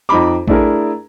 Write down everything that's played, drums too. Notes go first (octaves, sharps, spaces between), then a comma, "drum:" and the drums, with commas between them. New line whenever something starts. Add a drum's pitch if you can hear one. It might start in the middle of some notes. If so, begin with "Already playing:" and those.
F2 D#4 A#5 B5 D6
A3 D4 E4 G#4 A#4, drum: kick A#1